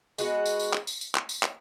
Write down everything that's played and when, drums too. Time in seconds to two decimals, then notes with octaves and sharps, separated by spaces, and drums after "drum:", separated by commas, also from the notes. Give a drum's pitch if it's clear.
0.18 G#3 B3 F#4, drum: tambourine
0.46 drum: tambourine
0.59 drum: tambourine
0.73 drum: clap
0.87 drum: tambourine
1.01 drum: tambourine
1.15 drum: clap
1.29 drum: tambourine
1.43 drum: clap